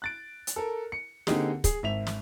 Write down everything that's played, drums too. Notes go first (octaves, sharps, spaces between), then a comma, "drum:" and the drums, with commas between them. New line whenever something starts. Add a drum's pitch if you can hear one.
F#6 A6 D7
drum: hi-hat
A4 A#4
C#7
D3 A#3 C4 D#4 G4 G#4, drum: snare
G#4, drum: kick, hi-hat
G#1 E5 F7
drum: snare